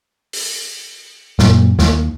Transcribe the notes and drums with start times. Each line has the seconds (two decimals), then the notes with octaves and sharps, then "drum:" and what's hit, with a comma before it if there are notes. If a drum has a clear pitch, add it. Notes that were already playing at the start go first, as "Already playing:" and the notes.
0.33 drum: open hi-hat
1.39 F#2 A#2, drum: snare
1.79 D#2, drum: snare